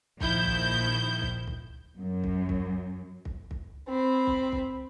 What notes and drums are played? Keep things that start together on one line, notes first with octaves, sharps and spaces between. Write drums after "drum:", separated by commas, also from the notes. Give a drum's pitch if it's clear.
A#1 D#3 F3 E4 G6, drum: kick
drum: kick
drum: kick
drum: kick
F#2
drum: kick
drum: kick
drum: kick
drum: kick
C4 B5
drum: kick
drum: kick